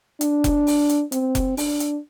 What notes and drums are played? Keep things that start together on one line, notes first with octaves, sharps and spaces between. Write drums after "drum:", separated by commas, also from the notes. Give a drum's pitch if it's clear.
D4, drum: hi-hat
drum: kick F1, hi-hat
drum: open hi-hat
drum: hi-hat
C4, drum: hi-hat
drum: kick F1, hi-hat
D4, drum: open hi-hat
drum: hi-hat